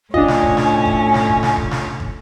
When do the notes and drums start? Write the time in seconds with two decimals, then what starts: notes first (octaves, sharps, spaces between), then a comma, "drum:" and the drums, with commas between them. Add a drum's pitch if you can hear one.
0.14 A2 C#4 D4 F4 D#5 G#5, drum: kick
0.28 drum: snare
0.43 drum: kick
0.57 drum: snare
0.85 drum: kick
1.14 drum: snare
1.28 drum: kick
1.43 drum: snare
1.57 drum: kick
1.71 drum: snare
2.00 drum: kick